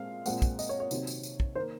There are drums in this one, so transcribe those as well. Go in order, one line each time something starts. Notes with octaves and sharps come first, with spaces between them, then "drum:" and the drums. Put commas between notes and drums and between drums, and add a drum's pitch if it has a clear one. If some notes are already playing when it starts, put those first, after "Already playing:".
Already playing: A#2 G#3 C4 F5
A#2 G#3 C4 F#5, drum: tambourine
drum: kick, tambourine
D#5, drum: tambourine
C#5
C#5
C3 D#3 F#3 C4, drum: tambourine
drum: tambourine
drum: tambourine
drum: kick
D#3 A#3 C5